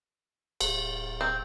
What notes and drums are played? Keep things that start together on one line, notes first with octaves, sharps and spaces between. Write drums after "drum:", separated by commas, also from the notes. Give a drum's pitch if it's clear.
D1, drum: cymbal
C4